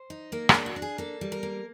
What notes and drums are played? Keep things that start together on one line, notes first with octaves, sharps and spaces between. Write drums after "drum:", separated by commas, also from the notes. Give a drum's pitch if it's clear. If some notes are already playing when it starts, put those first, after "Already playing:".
Already playing: C5
D#4
A#3 A#4
G#4, drum: rim click
D4
F#4
D4
G#4
A#3 A4
G3
A#4
A#3